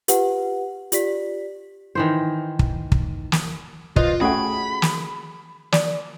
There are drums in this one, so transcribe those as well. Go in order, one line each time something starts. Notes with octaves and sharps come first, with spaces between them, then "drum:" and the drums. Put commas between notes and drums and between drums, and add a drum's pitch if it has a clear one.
F4 G4 B4 F#5, drum: hi-hat
F4 G4 D5 B6, drum: hi-hat
D#3 E3 C5
drum: kick
drum: kick
drum: snare
F4 B4 C5 D#5, drum: kick
A3 C#4 F#4 G#4 G5 B5
drum: snare
D5, drum: snare